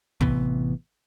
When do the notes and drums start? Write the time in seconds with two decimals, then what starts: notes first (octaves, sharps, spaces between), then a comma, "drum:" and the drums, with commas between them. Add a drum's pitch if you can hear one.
0.21 A1 C3 E3 B3, drum: kick